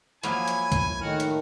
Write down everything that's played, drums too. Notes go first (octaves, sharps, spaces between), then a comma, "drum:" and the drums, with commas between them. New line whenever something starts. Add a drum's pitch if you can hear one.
F3 F#3 A#3 E4 G#5, drum: hi-hat
drum: hi-hat
drum: kick, hi-hat
A2 D#3 F#4 F6
drum: hi-hat